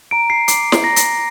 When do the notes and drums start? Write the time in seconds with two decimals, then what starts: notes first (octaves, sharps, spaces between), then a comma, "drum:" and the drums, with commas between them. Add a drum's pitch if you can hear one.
0.11 A#5 D7
0.30 C7
0.48 D6 C7, drum: hi-hat
0.72 drum: snare
0.84 A#5 A#6
0.96 drum: hi-hat